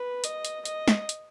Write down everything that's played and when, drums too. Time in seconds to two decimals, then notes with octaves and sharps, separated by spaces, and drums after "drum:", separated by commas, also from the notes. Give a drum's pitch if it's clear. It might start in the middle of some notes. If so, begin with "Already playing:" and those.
Already playing: B4
0.24 D#5, drum: hi-hat
0.45 drum: hi-hat
0.65 D#5, drum: hi-hat
0.88 drum: snare
1.09 drum: hi-hat